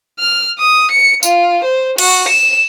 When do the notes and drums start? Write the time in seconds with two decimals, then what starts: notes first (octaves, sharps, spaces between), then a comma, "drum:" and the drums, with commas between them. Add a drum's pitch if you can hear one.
0.19 F6
0.59 D#6
0.91 C#7
1.23 F4, drum: tambourine
1.64 C5
1.98 F#4, drum: cymbal
2.28 E7